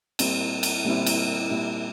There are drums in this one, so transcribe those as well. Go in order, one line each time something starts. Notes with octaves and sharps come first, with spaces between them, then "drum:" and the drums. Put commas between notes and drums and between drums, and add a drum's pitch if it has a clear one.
A#2 G3 C4 E4, drum: cymbal
drum: cymbal
A#2 G3 C4 E4
drum: cymbal
A#2 G3 C4 E4